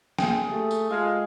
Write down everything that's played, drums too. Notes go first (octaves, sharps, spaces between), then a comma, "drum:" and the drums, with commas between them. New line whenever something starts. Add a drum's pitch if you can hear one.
A#3 G#4 G5, drum: snare
A3 G4 A4
drum: tambourine
G#3 F4 G#4 F5